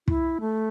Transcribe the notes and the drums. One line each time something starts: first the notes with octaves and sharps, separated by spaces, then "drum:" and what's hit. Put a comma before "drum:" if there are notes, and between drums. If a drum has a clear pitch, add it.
E4, drum: kick
A3